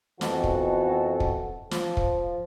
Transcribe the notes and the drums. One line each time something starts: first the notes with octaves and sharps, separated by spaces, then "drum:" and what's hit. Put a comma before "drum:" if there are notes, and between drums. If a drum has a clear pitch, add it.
F2 B2 E3 F#4 A4, drum: snare
drum: kick
drum: kick
F3, drum: snare
drum: kick